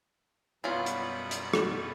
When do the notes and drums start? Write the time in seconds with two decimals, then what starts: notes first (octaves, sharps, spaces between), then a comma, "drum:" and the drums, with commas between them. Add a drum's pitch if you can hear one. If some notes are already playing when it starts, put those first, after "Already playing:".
0.64 F#2 B2 F#3 G3 B3 E4 F4
0.86 drum: hi-hat
1.31 drum: hi-hat
1.53 drum: rim click